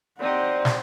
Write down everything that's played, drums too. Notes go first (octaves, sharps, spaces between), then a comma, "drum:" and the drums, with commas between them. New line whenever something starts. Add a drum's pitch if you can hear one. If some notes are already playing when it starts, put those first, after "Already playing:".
C4 D#4 G4 C5 D5 F#5
drum: snare